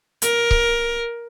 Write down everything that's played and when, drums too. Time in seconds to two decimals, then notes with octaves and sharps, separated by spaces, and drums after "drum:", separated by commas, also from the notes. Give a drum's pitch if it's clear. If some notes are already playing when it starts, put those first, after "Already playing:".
0.22 A#4, drum: hi-hat
0.51 drum: kick C#1